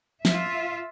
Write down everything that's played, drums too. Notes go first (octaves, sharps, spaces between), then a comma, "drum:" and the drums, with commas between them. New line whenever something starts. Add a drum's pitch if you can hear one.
F4 E5, drum: snare